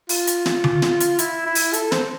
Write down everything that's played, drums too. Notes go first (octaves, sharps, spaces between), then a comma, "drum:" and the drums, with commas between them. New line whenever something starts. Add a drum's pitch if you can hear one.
F4, drum: open hi-hat
drum: hi-hat
drum: snare
drum: tom D3
drum: snare
drum: hi-hat
E4, drum: hi-hat
E4
drum: open hi-hat
A4, drum: hi-hat
C5, drum: snare